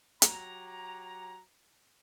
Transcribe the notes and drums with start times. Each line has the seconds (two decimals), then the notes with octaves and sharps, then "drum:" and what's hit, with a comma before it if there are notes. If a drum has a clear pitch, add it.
0.22 F#3 G4 A#5, drum: hi-hat